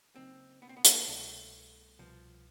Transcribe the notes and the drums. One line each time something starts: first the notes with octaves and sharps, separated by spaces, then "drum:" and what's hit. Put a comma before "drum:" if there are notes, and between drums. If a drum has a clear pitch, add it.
C#3 F#3 A#3 C4 D#4
B3
C4
B3
A#3, drum: hi-hat
C2 B2 G3 A3 B3
C2 B2 F3 G3 B3